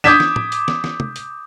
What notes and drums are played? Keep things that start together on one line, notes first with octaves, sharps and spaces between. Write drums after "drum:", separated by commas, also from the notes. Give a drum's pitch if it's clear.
D6 D#6 G6 G#6 B6 E7, drum: snare
drum: snare
drum: tom
drum: hi-hat
drum: snare
drum: snare
drum: tom
drum: hi-hat